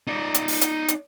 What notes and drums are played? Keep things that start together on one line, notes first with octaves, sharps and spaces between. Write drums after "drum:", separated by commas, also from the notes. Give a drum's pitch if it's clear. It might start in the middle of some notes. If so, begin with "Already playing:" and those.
D#4 D5
drum: hi-hat
drum: open hi-hat
drum: hi-hat
drum: hi-hat